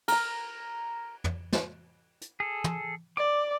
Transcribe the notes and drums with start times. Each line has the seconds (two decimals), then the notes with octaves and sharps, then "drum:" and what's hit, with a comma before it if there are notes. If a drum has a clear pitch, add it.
0.08 A#4 A#5, drum: cymbal
1.24 drum: tom
1.53 drum: snare
2.21 drum: hi-hat
2.40 G#4 A4
2.64 drum: tom
3.17 D5 D6